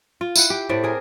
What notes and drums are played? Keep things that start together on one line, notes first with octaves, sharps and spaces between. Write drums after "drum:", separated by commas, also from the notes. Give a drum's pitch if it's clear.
F4
E4 F#5, drum: tambourine
G4
A2 A3 C4 D5
G#4 A#4